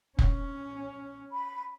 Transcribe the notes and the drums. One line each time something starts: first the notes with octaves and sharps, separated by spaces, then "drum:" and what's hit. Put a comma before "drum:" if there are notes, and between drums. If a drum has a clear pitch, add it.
C#4, drum: kick
B5